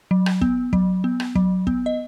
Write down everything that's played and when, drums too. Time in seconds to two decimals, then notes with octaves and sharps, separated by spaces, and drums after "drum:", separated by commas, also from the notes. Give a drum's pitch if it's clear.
0.11 F#3
0.26 drum: rim click
0.41 B3, drum: kick
0.73 F#3, drum: kick
1.04 B3
1.20 drum: rim click
1.35 F#3, drum: kick
1.67 B3, drum: kick
1.86 D#5